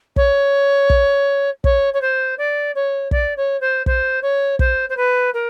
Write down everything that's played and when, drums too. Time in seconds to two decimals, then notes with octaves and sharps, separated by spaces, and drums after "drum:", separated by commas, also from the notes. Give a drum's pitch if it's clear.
0.16 C#5, drum: kick
0.90 drum: kick
1.64 C#5, drum: kick
1.93 C#5
2.01 C5
2.38 D5
2.75 C#5
3.11 D5, drum: kick
3.37 C#5
3.60 C5
3.86 C5, drum: kick
4.22 C#5
4.59 C5, drum: kick
4.89 C5
4.97 B4
5.34 A#4